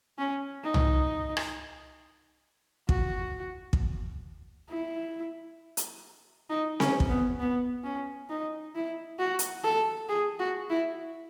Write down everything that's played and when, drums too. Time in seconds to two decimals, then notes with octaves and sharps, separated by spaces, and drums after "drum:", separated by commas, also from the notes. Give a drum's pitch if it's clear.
0.18 C#4
0.64 D#4
0.74 drum: tom C2
1.37 drum: rim click
2.89 F#4, drum: kick
3.73 drum: kick
4.69 E4
5.77 drum: hi-hat
6.50 D#4
6.80 C#4, drum: snare C4
7.00 drum: kick
7.09 B3
7.40 B3
7.84 C#4
8.29 D#4
8.75 E4
9.19 F#4
9.39 drum: hi-hat
9.64 A4
10.09 G#4
10.39 F#4
10.70 E4